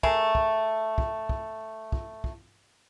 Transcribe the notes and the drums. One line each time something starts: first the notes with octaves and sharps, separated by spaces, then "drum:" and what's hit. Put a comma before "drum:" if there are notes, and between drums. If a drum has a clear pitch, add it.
A3 G#4 A#4, drum: kick
drum: kick
drum: kick
drum: kick
drum: kick
drum: kick